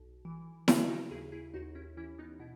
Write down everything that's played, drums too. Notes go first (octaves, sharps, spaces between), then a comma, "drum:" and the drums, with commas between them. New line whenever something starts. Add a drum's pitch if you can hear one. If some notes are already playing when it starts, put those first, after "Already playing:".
Already playing: B1
E3
C#3 D#4 F#4, drum: snare E4
D#4 F#4
D#2 E4 G#4
E4 G#4
D#2 D#4 F#4
C#4 E4
E3 C#4 E4
B3 D#4
B2 E4